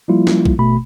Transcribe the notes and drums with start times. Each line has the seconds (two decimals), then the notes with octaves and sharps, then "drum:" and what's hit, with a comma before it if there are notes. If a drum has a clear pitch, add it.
0.08 F3 G3 A#3 E4 F4
0.27 drum: snare
0.45 drum: kick B1
0.59 G#1 B2 A3 B5